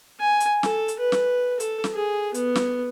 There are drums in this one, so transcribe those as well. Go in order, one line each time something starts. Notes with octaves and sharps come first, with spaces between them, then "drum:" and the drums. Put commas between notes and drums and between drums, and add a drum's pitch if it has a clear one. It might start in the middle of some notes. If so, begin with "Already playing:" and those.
G#5
drum: hi-hat
A4, drum: snare
drum: hi-hat
B4
drum: snare
A4, drum: hi-hat
drum: snare
G#4
B3, drum: hi-hat
drum: snare